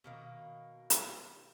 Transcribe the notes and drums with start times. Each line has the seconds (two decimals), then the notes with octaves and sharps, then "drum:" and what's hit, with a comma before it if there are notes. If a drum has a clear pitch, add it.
0.04 B2 D#3 A#3
0.90 drum: hi-hat